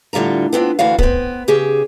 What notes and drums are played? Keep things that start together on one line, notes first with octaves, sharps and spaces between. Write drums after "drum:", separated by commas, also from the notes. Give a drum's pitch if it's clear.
A2 D3 G3 F4 A#5
B3 C4 D4 F4
D2 E3 D4 F#4 F5
B3 C4, drum: kick
C#3 G4 G#4